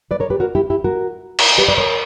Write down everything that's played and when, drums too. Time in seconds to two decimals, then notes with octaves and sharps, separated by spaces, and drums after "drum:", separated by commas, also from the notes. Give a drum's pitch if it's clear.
0.11 B4 D5
0.20 A#4 C#5
0.30 G4 B4
0.40 F#4 A#4
0.55 E4 G4
0.70 E4 G4
0.84 F#4 A#4
1.39 drum: cymbal
1.58 G4 B4
1.68 B4 D5
1.78 A#4 C#5